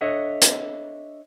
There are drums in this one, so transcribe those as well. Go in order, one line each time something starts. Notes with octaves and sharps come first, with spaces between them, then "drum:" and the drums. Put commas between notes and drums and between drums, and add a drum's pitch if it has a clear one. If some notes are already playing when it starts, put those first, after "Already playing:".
D4 A4 C#5 D#5 E5 F#5
drum: hi-hat